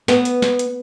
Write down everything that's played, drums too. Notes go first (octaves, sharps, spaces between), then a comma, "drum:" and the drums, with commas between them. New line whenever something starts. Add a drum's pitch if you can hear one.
B3, drum: snare
drum: hi-hat
drum: snare
drum: hi-hat